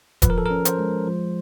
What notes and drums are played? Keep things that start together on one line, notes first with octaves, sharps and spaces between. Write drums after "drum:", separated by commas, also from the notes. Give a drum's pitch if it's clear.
F3 B4, drum: kick E1, hi-hat
A#4
A4
A#4
C#4
C5, drum: hi-hat
G#3
F3